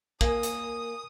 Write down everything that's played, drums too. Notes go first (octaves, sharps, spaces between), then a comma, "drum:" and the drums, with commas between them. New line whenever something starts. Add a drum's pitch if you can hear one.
A#3 A#4 G#5 D#6, drum: kick
drum: hi-hat